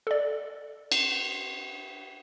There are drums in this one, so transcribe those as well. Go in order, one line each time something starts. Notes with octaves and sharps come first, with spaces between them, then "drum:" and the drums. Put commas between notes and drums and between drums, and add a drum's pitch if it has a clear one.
A4 D5
drum: cymbal